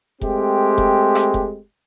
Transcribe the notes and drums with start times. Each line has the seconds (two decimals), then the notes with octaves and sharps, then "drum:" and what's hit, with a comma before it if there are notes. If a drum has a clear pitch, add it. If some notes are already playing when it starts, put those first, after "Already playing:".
0.21 G#3 A3 C4 G4, drum: kick F1
0.78 drum: kick F1
1.15 drum: rim click
1.34 drum: kick F1